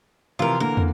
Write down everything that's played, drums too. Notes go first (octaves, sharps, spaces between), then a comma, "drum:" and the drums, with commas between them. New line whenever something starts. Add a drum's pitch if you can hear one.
C3 E3 F3 F4 A#4
D3 E3 A#3 A#4
drum: tom